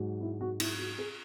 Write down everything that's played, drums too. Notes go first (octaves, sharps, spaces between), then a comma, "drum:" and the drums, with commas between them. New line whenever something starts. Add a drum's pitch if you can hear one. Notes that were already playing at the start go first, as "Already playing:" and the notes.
Already playing: G#2 F#3
E4
F#4
E4, drum: cymbal
F#4
G#4